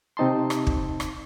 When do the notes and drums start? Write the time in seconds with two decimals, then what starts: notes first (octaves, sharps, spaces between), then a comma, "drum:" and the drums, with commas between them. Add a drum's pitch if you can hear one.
0.17 C3 C4 D#4 A5 C6
0.50 drum: rim click
0.67 drum: kick
1.00 drum: rim click